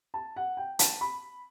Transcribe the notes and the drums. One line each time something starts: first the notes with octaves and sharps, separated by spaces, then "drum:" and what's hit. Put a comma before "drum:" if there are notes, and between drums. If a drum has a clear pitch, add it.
A5
F#5
G5
A5, drum: hi-hat
B5